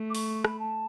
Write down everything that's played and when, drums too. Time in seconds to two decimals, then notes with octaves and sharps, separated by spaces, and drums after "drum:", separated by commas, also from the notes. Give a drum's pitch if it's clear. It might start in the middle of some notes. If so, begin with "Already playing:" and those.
Already playing: A3
0.10 D6
0.15 C#6, drum: open hi-hat
0.45 B5, drum: rim click
0.59 A5